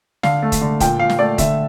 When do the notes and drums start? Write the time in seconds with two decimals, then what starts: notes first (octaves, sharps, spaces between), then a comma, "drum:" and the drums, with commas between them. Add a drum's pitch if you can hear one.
0.23 D3 F5, drum: snare
0.43 A3
0.52 drum: kick, hi-hat
0.61 D3
0.80 A#2 G5, drum: kick, hi-hat
0.99 A#2 F5
1.09 drum: snare
1.19 A3 D5
1.38 D3 E5, drum: kick, hi-hat